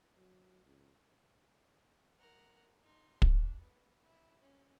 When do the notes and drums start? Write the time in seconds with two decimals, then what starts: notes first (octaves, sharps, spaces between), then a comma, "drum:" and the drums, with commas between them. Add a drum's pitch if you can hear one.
0.17 F#3
0.65 C#2
2.19 A#4 F#5
2.83 D#4 C6
3.22 D4, drum: kick
3.60 B3
4.02 E4
4.42 C#4